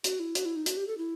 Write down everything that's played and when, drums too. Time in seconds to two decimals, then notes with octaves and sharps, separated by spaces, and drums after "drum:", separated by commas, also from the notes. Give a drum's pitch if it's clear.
0.04 F#4, drum: hi-hat
0.19 E4
0.35 F#4, drum: hi-hat
0.45 E4
0.56 D#4
0.66 F#4, drum: hi-hat
0.77 G4
0.87 A4
0.98 E4